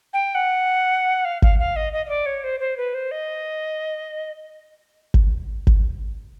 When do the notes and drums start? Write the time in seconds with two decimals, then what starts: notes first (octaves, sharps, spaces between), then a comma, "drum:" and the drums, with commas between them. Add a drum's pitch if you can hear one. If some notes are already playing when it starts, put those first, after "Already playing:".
0.13 G5
0.35 F#5
1.25 F5
1.42 F5, drum: kick G#1
1.59 F5
1.76 D#5
1.93 D#5
2.06 D#5
2.09 D5
2.26 C#5
2.44 C5
2.60 C5
2.77 B4
2.94 C5
3.11 D#5
5.14 drum: kick G#1
5.67 drum: kick G#1